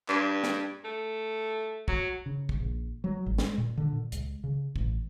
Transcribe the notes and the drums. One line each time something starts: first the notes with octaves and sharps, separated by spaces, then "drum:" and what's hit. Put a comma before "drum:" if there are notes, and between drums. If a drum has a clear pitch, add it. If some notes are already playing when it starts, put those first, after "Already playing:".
G2, drum: clap
drum: snare
A3
F#3, drum: kick
C#3
drum: kick
A#1
F#3
G#1
G#3, drum: snare
A#2
D3
A#2
C#2, drum: hi-hat
C#3
A1, drum: kick